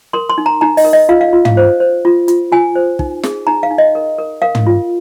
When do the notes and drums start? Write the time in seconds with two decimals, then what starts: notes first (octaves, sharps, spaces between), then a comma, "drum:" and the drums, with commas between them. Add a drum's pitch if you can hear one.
0.13 A#4 C6
0.30 C6
0.38 D#4
0.46 A#5
0.61 D#4 A#5
0.77 D#5, drum: open hi-hat
0.85 A#4
0.93 D#5
1.09 F4 F5
1.21 F5
1.33 F4
1.45 F5, drum: tom
1.57 C5
1.80 C5
2.05 F4
2.28 F4, drum: hi-hat
2.52 F4 G#5
2.75 C5
2.99 D#4, drum: kick
3.23 G#4, drum: snare
3.47 D#4 A#5
3.63 F5
3.71 D#4
3.78 D#5
3.95 A#4
4.18 A#4
4.42 A#4 F5
4.55 drum: tom
4.67 F4